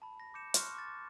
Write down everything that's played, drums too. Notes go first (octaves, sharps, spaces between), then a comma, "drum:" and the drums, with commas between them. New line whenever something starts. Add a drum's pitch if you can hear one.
A5 B5
A#6
D6 G6 C#7 E7
C6 C#6 F6 F#6, drum: hi-hat
D6 A6
D6